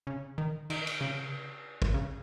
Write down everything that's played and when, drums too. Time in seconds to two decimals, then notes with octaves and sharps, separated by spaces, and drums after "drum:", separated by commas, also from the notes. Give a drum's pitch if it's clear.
0.07 C#3
0.38 D#3
0.70 D#3, drum: cymbal
0.87 drum: cymbal
1.01 C#3
1.82 drum: kick
1.94 C#3